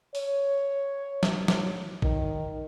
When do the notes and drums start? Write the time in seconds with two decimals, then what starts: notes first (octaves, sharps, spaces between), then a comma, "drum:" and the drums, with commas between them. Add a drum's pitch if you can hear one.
0.15 C#5, drum: open hi-hat
1.23 drum: snare
1.48 drum: snare
2.02 D#3, drum: kick A1